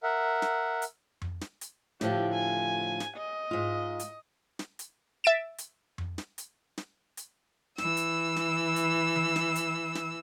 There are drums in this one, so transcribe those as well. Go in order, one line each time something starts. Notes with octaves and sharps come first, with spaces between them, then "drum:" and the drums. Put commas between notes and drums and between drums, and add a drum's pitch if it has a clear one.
A#4 E5 F#5
drum: snare
drum: hi-hat
drum: tom F2
drum: snare
drum: hi-hat
A2 D3 F3 G4, drum: snare
G#5
drum: snare
D#5
G#2 F4
drum: hi-hat
drum: snare
drum: hi-hat
E5 A6 D7 E7
drum: hi-hat
drum: tom F2
drum: snare
drum: hi-hat
drum: snare
drum: hi-hat
E3 E6, drum: snare
drum: hi-hat
drum: snare
drum: hi-hat
drum: tom D#3
drum: snare
drum: hi-hat
drum: snare